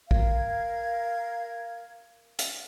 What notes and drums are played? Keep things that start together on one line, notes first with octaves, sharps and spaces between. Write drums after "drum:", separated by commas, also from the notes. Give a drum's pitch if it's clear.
A#4 F5 G#6, drum: kick A#1
drum: hi-hat